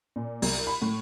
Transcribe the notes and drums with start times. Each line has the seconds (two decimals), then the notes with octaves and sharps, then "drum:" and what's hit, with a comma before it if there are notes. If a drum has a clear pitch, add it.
0.16 A#2
0.42 C2, drum: open hi-hat
0.67 B5
0.82 A2